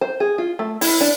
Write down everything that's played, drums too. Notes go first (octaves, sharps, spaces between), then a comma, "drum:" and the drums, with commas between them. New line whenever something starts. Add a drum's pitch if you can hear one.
C5
G#4
F4
A3
E4, drum: open hi-hat
D4